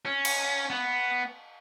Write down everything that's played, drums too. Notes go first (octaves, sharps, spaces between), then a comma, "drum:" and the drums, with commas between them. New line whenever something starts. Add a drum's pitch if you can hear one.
C#4
drum: cymbal
B3